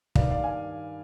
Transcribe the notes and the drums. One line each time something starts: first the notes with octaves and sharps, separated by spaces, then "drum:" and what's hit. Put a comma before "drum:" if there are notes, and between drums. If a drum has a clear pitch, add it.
G2 D#3 D5 F5, drum: kick
D5 F5
F5 G#5